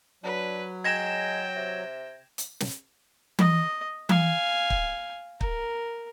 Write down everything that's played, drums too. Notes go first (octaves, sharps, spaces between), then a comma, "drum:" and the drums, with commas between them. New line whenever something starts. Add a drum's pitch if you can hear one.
F#3 D4 B4
G#3 G5 G#6 A#6 E7
C3
drum: hi-hat
drum: snare
D#5, drum: tom E3
F5 G#5, drum: tom E3
drum: kick
A#4, drum: kick